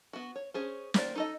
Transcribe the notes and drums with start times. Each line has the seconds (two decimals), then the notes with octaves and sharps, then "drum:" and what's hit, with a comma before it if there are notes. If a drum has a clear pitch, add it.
0.13 B3 F#4
0.36 C#5
0.54 C#4 G#4 C5
0.94 D#3 A#3 A#4 C5 D5, drum: snare
1.15 D#4 A4 D#5